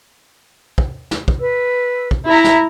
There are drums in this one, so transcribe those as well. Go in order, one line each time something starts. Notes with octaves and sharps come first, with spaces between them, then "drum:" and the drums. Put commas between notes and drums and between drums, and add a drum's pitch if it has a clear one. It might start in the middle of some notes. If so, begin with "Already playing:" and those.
drum: kick
drum: snare
drum: kick
B4 E6
drum: kick
E4 E5 A#5
drum: snare